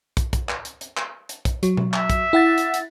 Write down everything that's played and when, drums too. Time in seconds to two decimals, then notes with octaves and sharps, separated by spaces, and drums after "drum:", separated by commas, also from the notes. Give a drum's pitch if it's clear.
0.17 drum: kick, hi-hat
0.33 drum: kick, hi-hat
0.49 drum: clap
0.65 drum: hi-hat
0.81 drum: hi-hat
0.97 drum: clap
1.29 drum: hi-hat
1.45 drum: kick, hi-hat
1.63 F#3, drum: hi-hat
1.77 drum: tom B2
1.93 E5, drum: clap
2.10 drum: kick, hi-hat
2.33 E4 F#5 A6
2.58 drum: hi-hat
2.74 drum: hi-hat